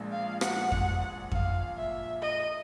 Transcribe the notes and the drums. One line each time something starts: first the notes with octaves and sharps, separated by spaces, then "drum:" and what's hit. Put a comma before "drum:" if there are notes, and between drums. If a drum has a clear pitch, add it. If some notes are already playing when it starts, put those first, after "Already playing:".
Already playing: A#1 A#2 F3 G#3
F5
F#5, drum: rim click
drum: kick F2
F5, drum: kick F2
E5
D#5